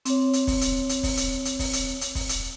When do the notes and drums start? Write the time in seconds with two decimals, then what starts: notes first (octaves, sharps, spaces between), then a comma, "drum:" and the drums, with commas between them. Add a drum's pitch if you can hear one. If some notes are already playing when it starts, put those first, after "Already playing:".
0.05 C4 C#5, drum: hi-hat
0.33 drum: hi-hat
0.47 drum: kick, open hi-hat
0.61 drum: hi-hat
0.89 drum: hi-hat
1.03 drum: kick, open hi-hat
1.17 drum: hi-hat
1.45 drum: hi-hat
1.59 drum: kick, open hi-hat
1.73 drum: hi-hat
2.01 drum: hi-hat
2.15 drum: kick, open hi-hat
2.29 drum: hi-hat